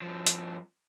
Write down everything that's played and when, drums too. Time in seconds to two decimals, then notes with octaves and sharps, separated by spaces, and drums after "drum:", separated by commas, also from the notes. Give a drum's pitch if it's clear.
0.02 G2 F3
0.26 drum: hi-hat